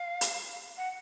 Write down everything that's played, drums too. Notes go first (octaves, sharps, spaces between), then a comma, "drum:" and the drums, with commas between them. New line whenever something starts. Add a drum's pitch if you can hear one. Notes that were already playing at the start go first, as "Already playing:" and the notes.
Already playing: F5
drum: hi-hat
F#5